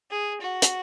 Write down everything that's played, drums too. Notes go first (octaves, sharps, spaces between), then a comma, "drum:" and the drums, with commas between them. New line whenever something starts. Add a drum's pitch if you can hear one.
G#4
F#4
drum: hi-hat